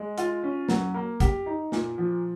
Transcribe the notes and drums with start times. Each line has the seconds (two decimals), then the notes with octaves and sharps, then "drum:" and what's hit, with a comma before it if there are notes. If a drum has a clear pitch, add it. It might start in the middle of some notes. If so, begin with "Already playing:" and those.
Already playing: G#3
0.18 F4, drum: hi-hat
0.43 C#4
0.69 F#3, drum: snare
0.94 A#3
1.20 G4, drum: kick, hi-hat
1.46 D#4
1.72 A#2, drum: snare
1.98 F3